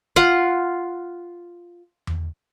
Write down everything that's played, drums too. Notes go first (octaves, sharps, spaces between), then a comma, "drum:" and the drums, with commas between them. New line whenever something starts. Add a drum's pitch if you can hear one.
F4 F#5, drum: kick
drum: tom E2